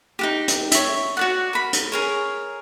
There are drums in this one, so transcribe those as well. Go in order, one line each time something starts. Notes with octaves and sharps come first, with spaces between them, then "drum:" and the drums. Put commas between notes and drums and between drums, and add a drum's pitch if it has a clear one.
D#4 F#4 G4
drum: hi-hat
C#5 E5, drum: hi-hat
F#4 D5 F#5
A#4 B5
drum: hi-hat
G#4 A#4 C#5